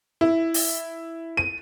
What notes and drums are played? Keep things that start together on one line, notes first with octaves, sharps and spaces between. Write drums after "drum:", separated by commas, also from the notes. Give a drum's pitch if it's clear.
E4
drum: open hi-hat
D#7